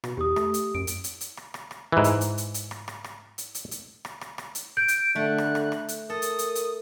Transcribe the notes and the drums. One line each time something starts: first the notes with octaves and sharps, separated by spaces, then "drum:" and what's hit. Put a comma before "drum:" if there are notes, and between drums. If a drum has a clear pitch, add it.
B2, drum: rim click
E2 G4 D#6
A3, drum: rim click
drum: hi-hat
F#2 D7
drum: hi-hat
drum: hi-hat
drum: hi-hat
drum: rim click
drum: rim click
drum: rim click
G#2 E3
drum: hi-hat
drum: hi-hat
drum: hi-hat
drum: hi-hat
drum: rim click
drum: rim click
drum: rim click
drum: hi-hat
drum: hi-hat
drum: hi-hat
drum: rim click
drum: rim click
drum: rim click
drum: hi-hat
G6 D7
drum: hi-hat
D3 A3 F#6
drum: rim click
drum: rim click
drum: rim click
drum: hi-hat
A4 A#4 D#6
drum: hi-hat
drum: hi-hat
drum: hi-hat